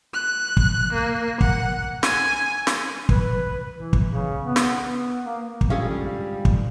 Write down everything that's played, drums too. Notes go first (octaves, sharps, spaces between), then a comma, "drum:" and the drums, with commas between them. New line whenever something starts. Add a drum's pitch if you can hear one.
F#6
drum: kick
A#3
F#5, drum: kick
G#5, drum: snare
drum: snare
B4, drum: kick
E3
drum: kick
C#3
B3
drum: snare
B3
A#3
drum: kick
G#2 D3 F3 G3 C#4 G#4 A4 F5
drum: kick